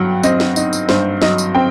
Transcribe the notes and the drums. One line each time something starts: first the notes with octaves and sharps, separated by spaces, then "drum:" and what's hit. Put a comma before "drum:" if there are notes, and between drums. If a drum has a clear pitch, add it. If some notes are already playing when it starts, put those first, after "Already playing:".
Already playing: G2 F#3 F#5 G5
C4 D#5, drum: tambourine
drum: snare
D#4, drum: tambourine
drum: tambourine
G2 C5, drum: snare
F#3 D#5, drum: snare
drum: tambourine
C4 G5